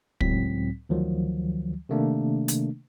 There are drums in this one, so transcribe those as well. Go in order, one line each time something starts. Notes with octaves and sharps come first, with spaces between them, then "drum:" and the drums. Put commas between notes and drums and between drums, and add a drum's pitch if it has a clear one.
C#2 A2 F#3 C4 B6, drum: kick
D2 D#3 F3 F#3
C3 D#3 A3 A#3 D4
drum: hi-hat